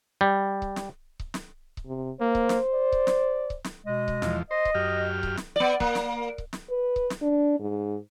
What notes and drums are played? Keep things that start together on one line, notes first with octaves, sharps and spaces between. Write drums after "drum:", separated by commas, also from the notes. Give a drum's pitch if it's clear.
G3
drum: kick C#1
drum: snare
drum: kick C#1
drum: snare
drum: kick C#1
C3
A#3 C5
drum: kick C#1
drum: snare
D5
drum: kick C#1
drum: snare
drum: kick C#1
drum: snare
B2 G#3 D#5
drum: kick C#1
E2 F3, drum: snare
C5 D#5
drum: kick C#1
F#2 G4 F6
drum: kick C#1
drum: snare
B3 D5
A#3, drum: kick C#1
drum: snare
drum: kick C#1
drum: snare
B4
drum: kick C#1
drum: snare
D4
G#2